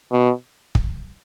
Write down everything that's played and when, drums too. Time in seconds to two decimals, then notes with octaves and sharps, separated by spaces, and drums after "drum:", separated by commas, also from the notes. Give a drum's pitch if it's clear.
0.12 B2
0.75 drum: kick